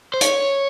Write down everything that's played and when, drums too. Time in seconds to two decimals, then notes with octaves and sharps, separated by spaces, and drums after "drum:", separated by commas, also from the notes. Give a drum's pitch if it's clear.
0.14 C5
0.21 C#5, drum: hi-hat